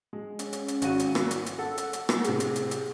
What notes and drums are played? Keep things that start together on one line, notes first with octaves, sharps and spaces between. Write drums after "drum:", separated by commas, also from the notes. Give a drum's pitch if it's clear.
G#3
C#4, drum: hi-hat
drum: hi-hat
drum: hi-hat
G#1 F#4 D#7, drum: hi-hat
drum: hi-hat
drum: rim click
drum: hi-hat
drum: hi-hat
A4 F#5
drum: hi-hat
drum: hi-hat
drum: rim click
A2 C3 G#4, drum: hi-hat
drum: hi-hat
drum: hi-hat
drum: hi-hat